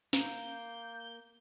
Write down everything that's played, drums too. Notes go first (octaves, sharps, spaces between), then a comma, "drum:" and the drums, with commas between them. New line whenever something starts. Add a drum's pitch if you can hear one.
A#3 G6, drum: snare